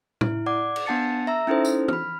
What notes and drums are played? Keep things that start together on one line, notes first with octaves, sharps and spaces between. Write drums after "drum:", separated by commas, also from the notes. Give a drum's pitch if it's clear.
E4, drum: tom
D5 F#5 D6
drum: cymbal
B3 D4 F#5 A5 A6 C#7
E5 A#5 E6
C#4 D#4 E4 A4 C5
drum: tambourine
B5 F6, drum: tom